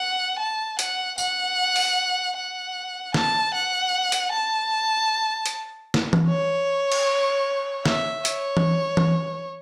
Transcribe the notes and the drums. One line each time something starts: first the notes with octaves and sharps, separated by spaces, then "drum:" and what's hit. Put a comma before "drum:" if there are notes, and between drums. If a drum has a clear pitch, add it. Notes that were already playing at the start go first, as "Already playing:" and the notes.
Already playing: F#5
A5
F#5, drum: hi-hat
F#5, drum: tambourine
drum: open hi-hat
F#5
A5, drum: snare
F#5
drum: hi-hat
A5
drum: hi-hat
drum: snare
drum: tom E3
C#5
drum: cymbal
E5, drum: snare
C#5, drum: hi-hat
drum: tom E3
drum: tom E3